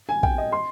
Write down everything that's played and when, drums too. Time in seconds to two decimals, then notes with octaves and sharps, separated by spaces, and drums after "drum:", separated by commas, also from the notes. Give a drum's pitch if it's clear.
0.09 G#5
0.23 G5, drum: kick
0.38 D#5
0.52 C6